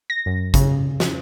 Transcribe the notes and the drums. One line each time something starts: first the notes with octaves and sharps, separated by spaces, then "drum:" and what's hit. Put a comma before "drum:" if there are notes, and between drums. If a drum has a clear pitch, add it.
A#6
F#2
C#3, drum: kick, hi-hat
drum: snare